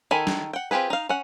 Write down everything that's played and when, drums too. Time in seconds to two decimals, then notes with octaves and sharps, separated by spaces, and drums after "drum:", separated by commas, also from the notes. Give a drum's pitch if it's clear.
0.11 D#3 A4 G#5 B5
0.27 drum: snare
0.53 F#5 G5
0.71 C4 F4 G4 G#4 B4
0.90 D#4 F5
1.09 C#4 F#5